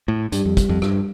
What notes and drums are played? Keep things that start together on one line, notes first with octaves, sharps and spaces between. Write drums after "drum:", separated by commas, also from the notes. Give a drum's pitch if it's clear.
A2
G2 G3, drum: hi-hat
F2
drum: kick, hi-hat
F2
G2, drum: rim click